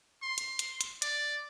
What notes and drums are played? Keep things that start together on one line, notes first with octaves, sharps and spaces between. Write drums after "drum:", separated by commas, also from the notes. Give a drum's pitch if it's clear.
C6
drum: hi-hat
drum: hi-hat
drum: hi-hat
D5, drum: hi-hat